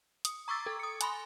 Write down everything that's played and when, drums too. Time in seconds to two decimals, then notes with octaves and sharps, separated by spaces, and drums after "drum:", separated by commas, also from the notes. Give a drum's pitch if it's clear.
0.25 D#6, drum: hi-hat
0.48 A#5 C#6 D6 E6 A6
0.66 A4
0.79 D#6 C#7
1.01 G#5 B5 C6, drum: hi-hat